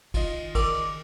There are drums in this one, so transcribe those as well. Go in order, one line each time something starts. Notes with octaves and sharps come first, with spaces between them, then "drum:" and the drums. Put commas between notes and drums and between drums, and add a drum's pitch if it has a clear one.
D#3 F4 D#5, drum: kick, cymbal
A#4 D5, drum: kick, cymbal